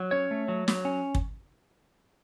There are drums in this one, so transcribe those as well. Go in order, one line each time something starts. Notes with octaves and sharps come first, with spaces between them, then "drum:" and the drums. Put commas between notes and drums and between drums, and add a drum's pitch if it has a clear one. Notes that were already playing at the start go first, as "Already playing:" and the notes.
Already playing: F#3
C#4 C#5
A3
F#3
F#3, drum: snare
C#4
drum: kick